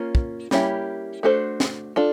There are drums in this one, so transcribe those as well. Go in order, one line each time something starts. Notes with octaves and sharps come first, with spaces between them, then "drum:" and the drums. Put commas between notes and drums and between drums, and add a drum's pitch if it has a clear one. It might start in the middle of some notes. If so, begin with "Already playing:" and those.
Already playing: A#3 C#4 F4
drum: kick
G3 A#3 C#4 E4 G4, drum: snare
A3 D4 F#4 A4 C5
drum: snare
D4 F4 A4